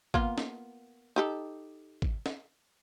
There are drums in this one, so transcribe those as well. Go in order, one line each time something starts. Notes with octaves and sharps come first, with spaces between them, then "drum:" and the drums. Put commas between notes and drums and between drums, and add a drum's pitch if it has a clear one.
A#3 B3 F4, drum: kick
drum: snare
D#4 G4 A4
drum: kick
drum: snare